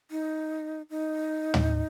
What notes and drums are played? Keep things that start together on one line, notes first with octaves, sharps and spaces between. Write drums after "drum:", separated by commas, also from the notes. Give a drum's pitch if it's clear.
D#4
D#4
drum: tom